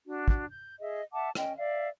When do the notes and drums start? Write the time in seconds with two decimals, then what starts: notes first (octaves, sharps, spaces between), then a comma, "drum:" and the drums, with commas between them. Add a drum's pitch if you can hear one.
0.06 D4 F#4
0.28 drum: kick
0.49 G6
0.80 G#4 D#5 E5
1.13 E5 F#5 A5 D6
1.35 C#4 D#5 G5, drum: rim click
1.56 D5 E5 F5